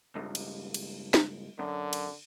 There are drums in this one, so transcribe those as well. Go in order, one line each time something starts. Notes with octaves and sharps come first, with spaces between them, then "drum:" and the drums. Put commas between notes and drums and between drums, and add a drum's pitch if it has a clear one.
C#2 G2
drum: cymbal
drum: cymbal
drum: snare
F#2 D3
drum: cymbal